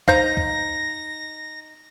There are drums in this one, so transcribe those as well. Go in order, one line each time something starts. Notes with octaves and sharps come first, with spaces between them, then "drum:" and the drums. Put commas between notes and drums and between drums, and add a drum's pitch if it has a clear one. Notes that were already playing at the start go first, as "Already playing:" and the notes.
D#4 C5 F5 A#5 A#6, drum: kick C#2
drum: kick C#2